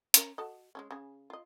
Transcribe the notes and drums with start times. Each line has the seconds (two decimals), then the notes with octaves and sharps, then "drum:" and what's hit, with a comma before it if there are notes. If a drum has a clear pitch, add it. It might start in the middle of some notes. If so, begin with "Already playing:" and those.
0.14 C#4 A#4, drum: hi-hat
0.38 F#4 A4 D#5
0.75 G#3 A3 C#4
0.91 C#3 G#4
1.30 F4 D#5